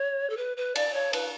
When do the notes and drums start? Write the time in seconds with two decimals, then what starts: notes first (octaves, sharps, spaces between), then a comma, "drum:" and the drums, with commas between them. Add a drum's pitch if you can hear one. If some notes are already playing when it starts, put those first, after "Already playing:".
Already playing: C#5
0.30 A4
0.37 B4
0.57 B4
0.76 D5, drum: cymbal
0.94 C#5
1.13 B4, drum: cymbal